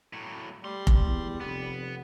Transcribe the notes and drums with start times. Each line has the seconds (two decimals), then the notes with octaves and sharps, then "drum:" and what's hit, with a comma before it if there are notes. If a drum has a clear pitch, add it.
0.13 A2 F#3
0.64 G3 A3 C6
0.87 drum: kick F1
1.04 E2
1.41 F1 B3